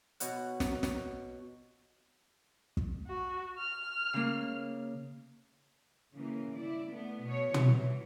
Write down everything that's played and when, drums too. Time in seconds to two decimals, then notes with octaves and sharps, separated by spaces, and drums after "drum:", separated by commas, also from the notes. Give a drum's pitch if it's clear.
0.20 B2 C#5 F#5, drum: hi-hat
0.60 drum: snare
0.83 drum: snare
2.77 drum: kick
3.07 F#4
3.58 F6
4.14 C#3 A#3
6.14 C#3 E3 A#3
6.57 E4 D5
6.90 A3 B3
7.24 B2 C#5
7.54 E3 F#3, drum: tom